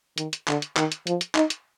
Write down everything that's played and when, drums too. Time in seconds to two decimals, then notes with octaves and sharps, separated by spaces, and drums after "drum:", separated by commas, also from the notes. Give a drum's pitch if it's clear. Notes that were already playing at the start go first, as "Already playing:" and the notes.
0.18 D#3, drum: hi-hat
0.33 drum: hi-hat
0.48 D3, drum: clap
0.62 drum: hi-hat
0.77 D#3, drum: clap
0.92 drum: hi-hat
1.07 F3, drum: hi-hat
1.21 drum: hi-hat
1.35 D#4, drum: clap
1.50 drum: hi-hat